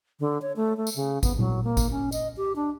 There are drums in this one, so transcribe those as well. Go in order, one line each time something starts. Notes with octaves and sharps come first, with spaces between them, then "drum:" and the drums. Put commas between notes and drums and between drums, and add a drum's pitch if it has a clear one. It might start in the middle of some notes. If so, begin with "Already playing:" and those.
D3
C#5
A3
A3
drum: tambourine
C#3
B3, drum: kick G#1, tambourine
F#3, drum: tom A#2
A#3
drum: kick G#1, tambourine
C#4
D#5, drum: tambourine
G4
D4